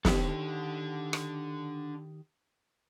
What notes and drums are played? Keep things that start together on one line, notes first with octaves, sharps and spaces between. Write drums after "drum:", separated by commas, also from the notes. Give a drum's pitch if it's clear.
D#3 D4 G4 A4, drum: snare
drum: rim click